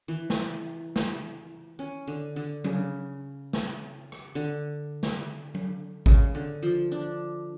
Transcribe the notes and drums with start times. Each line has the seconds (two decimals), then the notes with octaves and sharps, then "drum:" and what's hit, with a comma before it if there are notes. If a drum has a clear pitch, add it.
0.08 E3
0.30 drum: snare
0.96 drum: snare
1.79 C#4
2.07 D3
2.36 D3
2.64 C#3, drum: tom F#3
3.53 drum: snare
4.12 drum: rim click
4.35 D3
5.03 drum: snare
5.55 drum: tom F#3
6.06 C#3, drum: kick G#1
6.35 D3
6.63 F3
6.92 D4